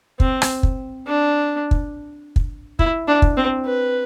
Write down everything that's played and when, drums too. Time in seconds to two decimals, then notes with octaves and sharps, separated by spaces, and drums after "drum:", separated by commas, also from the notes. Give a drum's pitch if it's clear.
0.20 C4, drum: kick
0.42 drum: rim click
0.63 drum: kick
1.07 D4
1.71 drum: kick
2.36 drum: kick
2.79 E4, drum: kick
3.08 D4
3.22 drum: kick
3.37 C4
3.65 B4